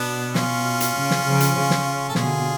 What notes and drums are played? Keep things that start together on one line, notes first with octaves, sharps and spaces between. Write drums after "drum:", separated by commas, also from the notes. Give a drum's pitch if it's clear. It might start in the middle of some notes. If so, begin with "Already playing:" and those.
Already playing: B2 B3 D4
C#4 F4, drum: snare
drum: hi-hat
C#3
drum: snare
C#3 F3
drum: hi-hat
C#3
drum: snare
A4
B2 D3 F4 G#4, drum: snare